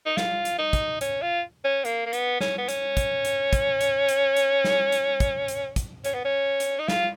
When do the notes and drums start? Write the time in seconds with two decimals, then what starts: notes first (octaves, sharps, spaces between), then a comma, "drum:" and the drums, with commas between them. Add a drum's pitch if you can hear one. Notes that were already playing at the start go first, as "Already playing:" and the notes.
0.06 D#4
0.17 F4, drum: snare
0.45 drum: hi-hat
0.59 D#4
0.73 drum: kick, hi-hat
1.01 C#4, drum: hi-hat
1.22 F4
1.64 C#4
1.85 A#3, drum: hi-hat
2.06 A#3
2.13 B3, drum: hi-hat
2.40 C#4, drum: snare
2.58 B3
2.69 C#4, drum: hi-hat
2.97 drum: kick, hi-hat
3.25 drum: hi-hat
3.53 drum: kick, hi-hat
3.81 drum: hi-hat
4.09 drum: hi-hat
4.37 drum: hi-hat
4.64 drum: snare
4.92 drum: hi-hat
5.20 drum: kick, hi-hat
5.48 drum: hi-hat
5.76 drum: kick, hi-hat
6.05 C#4, drum: hi-hat
6.14 B3
6.24 C#4
6.60 drum: hi-hat
6.79 D#4
6.88 F4, drum: snare